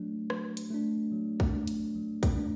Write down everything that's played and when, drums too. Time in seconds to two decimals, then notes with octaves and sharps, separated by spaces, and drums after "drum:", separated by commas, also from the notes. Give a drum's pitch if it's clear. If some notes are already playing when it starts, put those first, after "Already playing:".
Already playing: F#3 A3 D4
0.30 F#3, drum: rim click
0.57 drum: hi-hat
0.71 A3 D4
1.12 F#3
1.40 drum: kick
1.54 A3 D4
1.67 drum: hi-hat
1.95 F#3
2.23 drum: kick, hi-hat
2.37 A3 D4